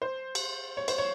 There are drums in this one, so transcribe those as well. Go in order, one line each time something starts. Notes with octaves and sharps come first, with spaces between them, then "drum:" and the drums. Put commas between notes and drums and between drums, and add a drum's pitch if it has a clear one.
C5
drum: cymbal
C#5
C5, drum: cymbal
C#5